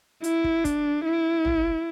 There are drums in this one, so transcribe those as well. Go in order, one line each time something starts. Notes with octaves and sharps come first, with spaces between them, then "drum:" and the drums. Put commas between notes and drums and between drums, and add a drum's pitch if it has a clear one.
E4, drum: hi-hat
drum: kick
D4, drum: kick, hi-hat
E4
drum: tom